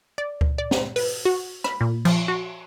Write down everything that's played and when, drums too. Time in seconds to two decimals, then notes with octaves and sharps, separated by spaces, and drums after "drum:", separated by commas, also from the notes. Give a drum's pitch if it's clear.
0.18 D5
0.41 drum: kick C#2
0.58 D5
0.71 drum: snare
0.96 B4, drum: open hi-hat
1.25 F#4
1.64 B5, drum: rim click
1.81 A#2
2.05 F3, drum: cymbal
2.28 F#4